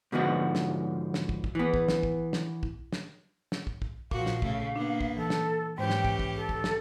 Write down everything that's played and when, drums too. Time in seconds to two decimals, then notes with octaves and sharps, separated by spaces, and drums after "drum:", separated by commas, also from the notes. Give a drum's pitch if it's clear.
0.12 G#2 B2 D3 F3 F#4
0.55 drum: snare
1.14 drum: snare
1.29 drum: kick
1.44 drum: kick
1.55 E3 B3
1.74 drum: kick
1.89 drum: snare
2.03 drum: kick
2.33 drum: snare
2.63 drum: kick
2.93 drum: snare
3.52 drum: snare
3.67 drum: kick
3.82 drum: kick
4.11 A#2 F3 F#4 F5, drum: kick
4.26 drum: snare
4.42 C#3 A3, drum: kick
4.76 A#3 B3 D4
5.01 drum: kick
5.17 E3 A4
5.30 drum: snare
5.78 G#2 E3 G#3 C#4 G4 C5 G5
5.90 drum: snare
6.05 drum: kick
6.19 drum: kick
6.36 A4
6.49 drum: kick
6.64 drum: snare